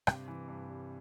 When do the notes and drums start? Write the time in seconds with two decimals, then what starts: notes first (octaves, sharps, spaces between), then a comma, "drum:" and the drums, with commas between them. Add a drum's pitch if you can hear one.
0.07 G2 C3, drum: rim click
0.28 E3
0.48 G2
0.69 G3